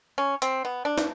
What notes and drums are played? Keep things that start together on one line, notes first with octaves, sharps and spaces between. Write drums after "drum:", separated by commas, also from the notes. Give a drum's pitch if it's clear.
C#4
C4, drum: hi-hat
B3
D4
drum: snare